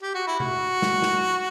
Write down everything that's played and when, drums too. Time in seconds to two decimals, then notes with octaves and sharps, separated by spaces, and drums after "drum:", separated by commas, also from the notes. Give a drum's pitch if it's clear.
0.03 G4
0.15 F#4
0.27 E4
0.40 F#4, drum: tom C3
0.82 drum: snare
1.02 drum: snare